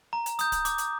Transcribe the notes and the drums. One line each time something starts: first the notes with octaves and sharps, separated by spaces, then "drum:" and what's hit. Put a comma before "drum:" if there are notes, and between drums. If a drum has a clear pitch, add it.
A#5
drum: hi-hat
D#6 G6, drum: hi-hat
drum: kick D1, hi-hat
D6, drum: hi-hat
drum: hi-hat